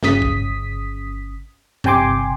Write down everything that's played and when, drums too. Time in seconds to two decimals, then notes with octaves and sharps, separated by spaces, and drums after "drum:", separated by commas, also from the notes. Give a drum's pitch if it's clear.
0.03 G1 C#3 D#6 B6, drum: snare
0.22 drum: kick
1.84 G1 C3 G5 G#5 C6 D6, drum: tom G2